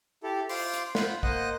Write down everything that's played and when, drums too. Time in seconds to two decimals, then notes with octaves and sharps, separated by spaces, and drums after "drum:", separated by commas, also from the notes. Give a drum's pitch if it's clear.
0.23 E4 G4 A4
0.49 F4 C5 C6 D6, drum: open hi-hat
0.74 drum: hi-hat
0.95 F4 C5 F#5 B5, drum: snare
1.23 A#3 C5 D#5 F#5 F#6, drum: kick A1